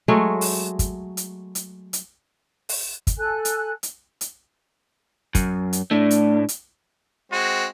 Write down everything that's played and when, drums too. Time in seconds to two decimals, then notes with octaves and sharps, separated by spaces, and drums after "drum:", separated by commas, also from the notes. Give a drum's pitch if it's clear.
0.08 F#3 G#3 A3
0.41 drum: open hi-hat
0.79 drum: kick, hi-hat
1.17 drum: hi-hat
1.55 drum: hi-hat
1.93 drum: hi-hat
2.69 drum: open hi-hat
3.07 drum: kick, hi-hat
3.17 A4 G#5 F#6
3.45 drum: hi-hat
3.83 drum: hi-hat
4.21 drum: hi-hat
5.35 F#2, drum: kick, hi-hat
5.73 drum: hi-hat
5.91 A2 A3 D4
6.11 drum: hi-hat
6.49 drum: hi-hat
7.32 G#3 C4 F#4